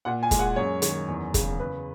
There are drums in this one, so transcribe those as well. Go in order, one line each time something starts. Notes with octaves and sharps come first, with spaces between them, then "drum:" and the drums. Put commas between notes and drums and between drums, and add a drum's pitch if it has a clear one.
A#2 F#5
G#5
G#3, drum: kick, hi-hat
F#5
F#2 C#5
D#3, drum: hi-hat
E2
C#3, drum: kick, hi-hat
C#3 B4